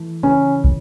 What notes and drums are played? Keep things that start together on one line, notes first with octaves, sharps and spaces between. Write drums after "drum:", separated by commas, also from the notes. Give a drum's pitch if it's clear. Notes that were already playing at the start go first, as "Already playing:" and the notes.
Already playing: E3 A3
C#3 C#4
drum: kick